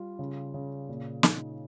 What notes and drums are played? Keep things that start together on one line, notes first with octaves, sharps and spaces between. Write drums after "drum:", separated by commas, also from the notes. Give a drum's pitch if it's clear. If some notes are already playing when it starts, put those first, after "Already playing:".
Already playing: G3 F4
C#3
C#3
A#2
D#4, drum: snare